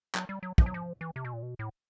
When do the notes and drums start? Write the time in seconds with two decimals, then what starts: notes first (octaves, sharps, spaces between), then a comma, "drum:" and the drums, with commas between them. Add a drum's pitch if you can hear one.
0.15 F#3, drum: clap
0.29 G3
0.43 F#3
0.58 F3, drum: kick
0.66 F#3
0.74 F3
1.01 E3
1.16 C3
1.25 B2
1.33 A#2
1.43 B2
1.59 A2